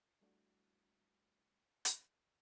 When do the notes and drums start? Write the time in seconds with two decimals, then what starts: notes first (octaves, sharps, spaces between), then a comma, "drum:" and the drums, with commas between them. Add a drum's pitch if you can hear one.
0.21 G3 A3 D4 E4 F#4
1.85 drum: hi-hat